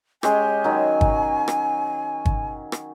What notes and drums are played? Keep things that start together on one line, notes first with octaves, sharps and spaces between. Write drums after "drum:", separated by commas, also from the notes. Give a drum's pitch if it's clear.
G#3 C#4 G4 G#5, drum: rim click
D#3 F#3
drum: kick G1
drum: rim click
drum: kick G1
drum: rim click